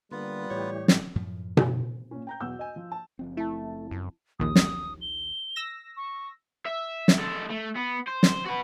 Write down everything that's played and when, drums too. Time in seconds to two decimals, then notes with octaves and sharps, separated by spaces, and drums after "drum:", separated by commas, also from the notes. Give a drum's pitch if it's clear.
0.11 D3 G3 A#3 B3 F4 B4
0.50 A2 E3 G4 C#5
0.88 drum: snare
1.15 F#2 A2 F3 A3
1.57 drum: tom B2
2.11 A#2 C#4
2.27 G5 A#5 G6
2.40 B1 E2 F#4 F#5 E6 G6
2.59 D#5 G#5
2.76 F3
2.92 A5
3.19 F#1 F3 C4
3.37 A3 E4 A5
3.91 F#2
4.40 A#1 D#2 D#6
4.56 drum: snare
5.01 G7
5.56 E6 A#6
5.97 C#6
6.67 E5
7.08 drum: snare
7.19 G#3 A4
7.50 A3
7.76 B3
8.08 C5
8.23 drum: snare
8.46 F#4 B4